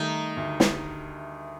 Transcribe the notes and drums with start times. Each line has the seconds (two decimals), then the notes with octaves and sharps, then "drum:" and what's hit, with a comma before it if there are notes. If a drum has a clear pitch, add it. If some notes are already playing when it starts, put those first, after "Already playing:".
Already playing: D#3 G3 A3 D#4
0.36 D2
0.60 drum: snare